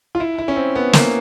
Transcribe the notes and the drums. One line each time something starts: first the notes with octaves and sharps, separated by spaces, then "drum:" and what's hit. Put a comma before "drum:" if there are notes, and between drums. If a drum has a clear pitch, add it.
F4
E4
E4
C#4
C4
B3
A#3, drum: snare